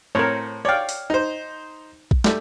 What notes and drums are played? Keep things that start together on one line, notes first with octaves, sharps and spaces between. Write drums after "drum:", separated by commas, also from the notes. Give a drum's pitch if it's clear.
A2 C4 A#4 C#5
C#5 D5 F5 G5
drum: open hi-hat
D#4 C5
drum: kick
G3 A3, drum: snare